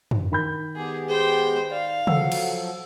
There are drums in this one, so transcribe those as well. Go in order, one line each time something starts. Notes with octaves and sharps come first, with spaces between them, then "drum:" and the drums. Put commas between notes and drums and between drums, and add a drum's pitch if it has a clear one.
drum: tom
D#3 B5 G6
G#3 B3 G4 G#4
G#4 C5 G5
D5 F5
F3 F#3 A4 F#5 E6, drum: tom
drum: cymbal